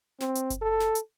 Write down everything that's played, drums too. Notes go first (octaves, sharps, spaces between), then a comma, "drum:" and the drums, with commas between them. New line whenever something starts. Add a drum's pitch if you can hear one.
C4, drum: snare
drum: hi-hat
drum: kick F#1, hi-hat
A4
drum: snare
drum: hi-hat